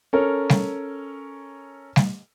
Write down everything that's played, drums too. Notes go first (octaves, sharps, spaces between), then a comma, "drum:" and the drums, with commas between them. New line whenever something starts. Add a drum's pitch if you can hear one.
C#4 A4 A#4
drum: snare G3
drum: snare G3